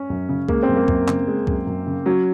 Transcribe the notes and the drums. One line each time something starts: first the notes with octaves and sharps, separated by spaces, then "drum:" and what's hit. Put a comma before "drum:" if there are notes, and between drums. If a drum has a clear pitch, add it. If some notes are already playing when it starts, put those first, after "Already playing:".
Already playing: C#4
F#2
C#3
G#3 A#3, drum: kick C2
C4
F#2
A#3
F#2, drum: kick C2
C#3, drum: clap
G#3
F#2, drum: kick C2
F#2
C#3
F#3 C#4